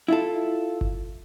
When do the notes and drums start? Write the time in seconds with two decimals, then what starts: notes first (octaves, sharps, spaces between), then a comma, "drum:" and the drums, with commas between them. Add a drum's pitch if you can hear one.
0.08 E4 F4 A4
0.81 drum: kick G1